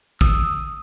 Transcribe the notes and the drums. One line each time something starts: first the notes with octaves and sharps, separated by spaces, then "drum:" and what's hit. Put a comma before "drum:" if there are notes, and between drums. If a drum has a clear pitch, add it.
D#6 E6, drum: kick